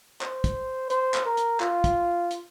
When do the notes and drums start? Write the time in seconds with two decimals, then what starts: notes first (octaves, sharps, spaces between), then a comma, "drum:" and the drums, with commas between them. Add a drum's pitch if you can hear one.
0.21 C5, drum: clap
0.44 drum: kick, hi-hat
0.90 C5, drum: hi-hat
1.14 drum: clap
1.25 A#4
1.37 drum: hi-hat
1.60 F4, drum: clap
1.84 drum: kick, hi-hat
2.31 drum: hi-hat